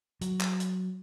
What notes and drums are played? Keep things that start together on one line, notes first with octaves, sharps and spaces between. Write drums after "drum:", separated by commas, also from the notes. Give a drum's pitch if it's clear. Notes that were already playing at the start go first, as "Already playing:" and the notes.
F#3, drum: hi-hat
drum: clap
drum: hi-hat